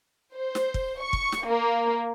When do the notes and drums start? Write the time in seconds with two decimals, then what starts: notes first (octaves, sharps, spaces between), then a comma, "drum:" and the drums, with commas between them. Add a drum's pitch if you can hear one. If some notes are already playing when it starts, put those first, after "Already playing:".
0.36 C5
0.55 drum: snare
0.74 drum: kick
1.02 C#6
1.13 drum: kick
1.32 drum: snare
1.44 A#3